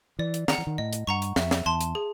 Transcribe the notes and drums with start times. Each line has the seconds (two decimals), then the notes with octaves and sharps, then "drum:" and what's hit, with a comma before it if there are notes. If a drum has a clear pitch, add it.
0.19 E3 D5
0.34 drum: hi-hat
0.48 D#3 F#5 A#5, drum: snare
0.58 E3
0.67 D#3
0.78 A2 D#5
0.93 drum: hi-hat
1.07 G2 F#5 A#5 C#6
1.22 drum: hi-hat
1.36 F2 E5, drum: snare
1.51 drum: snare
1.66 E2 A5 C6
1.81 drum: hi-hat
1.95 G#4